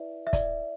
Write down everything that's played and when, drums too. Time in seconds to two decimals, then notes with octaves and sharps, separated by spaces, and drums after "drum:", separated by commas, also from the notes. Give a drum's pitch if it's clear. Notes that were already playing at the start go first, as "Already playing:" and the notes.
Already playing: E4 B4 D5 E5
0.27 E5
0.33 D5, drum: kick, hi-hat